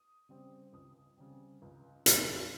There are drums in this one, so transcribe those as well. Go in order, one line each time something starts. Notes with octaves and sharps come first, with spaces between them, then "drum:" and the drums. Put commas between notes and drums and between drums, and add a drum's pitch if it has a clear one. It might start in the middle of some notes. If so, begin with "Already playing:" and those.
Already playing: D#6
C#3 G3 C4
C#2 D#6
C#3 G3 C4
C#2
C#3 G3 C4, drum: hi-hat